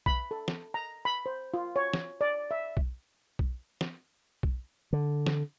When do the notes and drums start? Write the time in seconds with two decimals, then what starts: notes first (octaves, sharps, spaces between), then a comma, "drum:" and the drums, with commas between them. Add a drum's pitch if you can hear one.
0.06 B5, drum: kick B1
0.31 A4
0.48 drum: snare
0.74 A#5
1.05 B5
1.26 C5
1.54 F4
1.76 C#5
1.94 drum: snare
2.21 D5
2.51 E5
2.77 drum: kick B1
3.39 drum: kick B1
3.81 drum: snare
4.43 drum: kick B1
4.93 D3
5.27 drum: snare